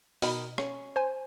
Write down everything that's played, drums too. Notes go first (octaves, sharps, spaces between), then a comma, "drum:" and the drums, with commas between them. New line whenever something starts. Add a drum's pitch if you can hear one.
B2 D#3 B5, drum: open hi-hat
C#4, drum: rim click
C5 G#5